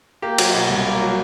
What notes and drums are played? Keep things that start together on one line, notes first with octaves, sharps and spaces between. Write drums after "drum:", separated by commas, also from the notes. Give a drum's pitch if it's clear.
A#3 G4
F#3, drum: cymbal
B2
C2
A#3
F#3